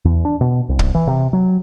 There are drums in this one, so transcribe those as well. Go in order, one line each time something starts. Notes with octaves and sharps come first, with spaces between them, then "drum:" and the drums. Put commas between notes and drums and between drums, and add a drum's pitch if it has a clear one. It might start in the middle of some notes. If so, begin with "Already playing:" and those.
E2
D4
B2
C2
drum: kick
E3
C3
F#3